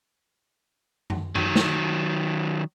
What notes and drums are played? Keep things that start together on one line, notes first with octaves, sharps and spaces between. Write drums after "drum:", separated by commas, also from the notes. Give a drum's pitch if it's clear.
drum: tom F#2
D#3 F#3, drum: tom F#2
drum: snare